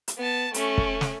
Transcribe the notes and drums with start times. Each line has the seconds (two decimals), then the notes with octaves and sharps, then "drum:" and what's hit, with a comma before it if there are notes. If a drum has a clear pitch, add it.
0.08 drum: hi-hat
0.18 B3 A5
0.54 A3 C#4, drum: hi-hat
0.78 drum: kick
1.01 drum: snare